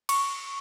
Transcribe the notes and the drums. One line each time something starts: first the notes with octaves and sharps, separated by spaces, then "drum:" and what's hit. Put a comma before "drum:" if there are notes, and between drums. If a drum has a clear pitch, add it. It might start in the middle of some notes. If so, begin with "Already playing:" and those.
C#6, drum: cymbal